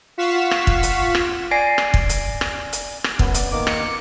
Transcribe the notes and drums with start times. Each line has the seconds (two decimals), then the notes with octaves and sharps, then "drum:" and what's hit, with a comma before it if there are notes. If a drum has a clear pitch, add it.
0.18 F4 F5 F#5 C#6 B6 E7
0.51 drum: rim click
0.67 drum: kick
0.83 drum: hi-hat
1.15 drum: rim click
1.51 D5 G#5 A#6 C7 D7
1.78 drum: rim click
1.94 drum: kick
2.09 drum: hi-hat
2.41 drum: rim click
2.73 drum: hi-hat
3.04 drum: rim click
3.19 F#2 B3, drum: kick
3.34 D5, drum: hi-hat
3.52 D#3 A#3 D6
3.67 C#7, drum: rim click